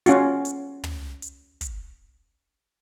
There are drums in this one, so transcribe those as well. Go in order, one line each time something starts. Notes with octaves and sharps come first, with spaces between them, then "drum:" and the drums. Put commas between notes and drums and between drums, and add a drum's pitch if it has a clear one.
C#4 F4 F#4, drum: hi-hat
drum: hi-hat
drum: tom
drum: hi-hat
drum: kick, hi-hat